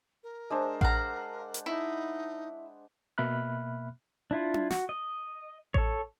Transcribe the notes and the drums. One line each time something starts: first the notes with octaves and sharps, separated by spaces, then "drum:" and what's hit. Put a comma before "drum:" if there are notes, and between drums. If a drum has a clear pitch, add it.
A#4
G#3 D4 C5
F5 F#5 A#5, drum: kick A1
drum: hi-hat
D#4 E4
B2 A#3 E5 B5 F6 F#6
D4 E4 F4
drum: tom D4
F#4, drum: snare
D#5
A4 C#5, drum: kick A1